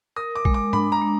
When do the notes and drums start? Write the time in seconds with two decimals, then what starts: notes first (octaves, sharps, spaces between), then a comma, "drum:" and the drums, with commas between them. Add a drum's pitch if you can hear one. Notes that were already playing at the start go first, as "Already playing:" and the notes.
0.16 A#4 D#6
0.35 D6
0.45 G#3, drum: kick
0.54 D6
0.73 D4 B5, drum: tom G#2
0.92 A#5
1.02 G#3